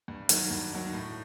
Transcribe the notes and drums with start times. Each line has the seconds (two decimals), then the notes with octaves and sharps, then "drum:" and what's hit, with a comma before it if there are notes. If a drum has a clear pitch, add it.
0.08 G2
0.29 D#3 F#3, drum: hi-hat
0.51 G2
0.72 D#3 F#3
0.93 A2